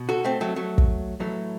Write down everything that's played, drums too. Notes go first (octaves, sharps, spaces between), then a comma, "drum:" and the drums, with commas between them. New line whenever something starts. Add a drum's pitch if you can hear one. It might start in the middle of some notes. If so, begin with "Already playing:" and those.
Already playing: B2
F#4 A4
A3 C4
F#3 A3
F#3 A3
drum: kick
A2 E3 F#3 A3